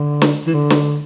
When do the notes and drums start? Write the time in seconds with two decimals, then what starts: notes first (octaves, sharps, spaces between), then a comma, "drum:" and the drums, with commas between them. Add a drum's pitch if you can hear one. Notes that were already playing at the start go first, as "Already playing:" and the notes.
Already playing: D3
0.22 drum: snare
0.47 E3
0.54 D3
0.70 drum: snare